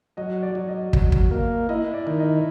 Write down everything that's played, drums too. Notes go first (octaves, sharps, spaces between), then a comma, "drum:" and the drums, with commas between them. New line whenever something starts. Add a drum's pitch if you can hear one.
F#3 D#5
D5
F#3
D#5
F#3, drum: kick
drum: kick
A#3
E4 D#5
D5
D#3
D#5